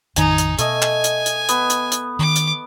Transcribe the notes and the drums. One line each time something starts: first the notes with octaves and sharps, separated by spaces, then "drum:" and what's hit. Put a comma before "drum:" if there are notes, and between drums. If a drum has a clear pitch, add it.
A1 F2 D#3 D#4 G#5, drum: hi-hat
drum: hi-hat
B2 A3 D#5 G#5, drum: hi-hat
drum: clap
drum: hi-hat
drum: hi-hat
B3, drum: hi-hat
drum: hi-hat
drum: hi-hat
D#3 D6
drum: hi-hat